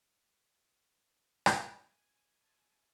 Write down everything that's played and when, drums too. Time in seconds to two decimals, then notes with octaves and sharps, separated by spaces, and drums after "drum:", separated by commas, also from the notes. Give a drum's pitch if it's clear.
1.46 drum: rim click
1.59 G#5
2.41 C5 E5 G#5 A5